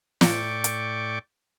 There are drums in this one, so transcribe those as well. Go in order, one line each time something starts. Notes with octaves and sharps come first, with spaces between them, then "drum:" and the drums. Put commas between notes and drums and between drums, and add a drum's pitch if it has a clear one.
A2 D5 G5 C#6 D6, drum: snare
drum: hi-hat